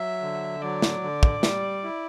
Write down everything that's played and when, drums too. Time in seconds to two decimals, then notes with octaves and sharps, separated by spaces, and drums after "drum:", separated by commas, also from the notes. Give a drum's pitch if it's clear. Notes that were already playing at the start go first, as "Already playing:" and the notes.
Already playing: F#3 E5
0.22 D3
0.62 F#3 D5
0.82 drum: snare
1.03 D3
1.23 drum: kick
1.43 G3, drum: snare
1.83 E4